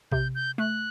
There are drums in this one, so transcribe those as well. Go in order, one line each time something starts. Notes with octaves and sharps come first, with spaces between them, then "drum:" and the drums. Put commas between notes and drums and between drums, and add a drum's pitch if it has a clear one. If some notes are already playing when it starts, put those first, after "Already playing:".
C3 G6, drum: kick
G6
A3 F#6